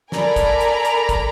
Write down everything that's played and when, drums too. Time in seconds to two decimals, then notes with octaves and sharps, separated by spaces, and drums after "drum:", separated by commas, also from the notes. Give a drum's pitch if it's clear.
0.12 A4 A#4 D5 G#5 A#5 B5, drum: snare
0.36 drum: kick, hi-hat
0.61 drum: hi-hat
0.85 drum: hi-hat
1.09 drum: kick, hi-hat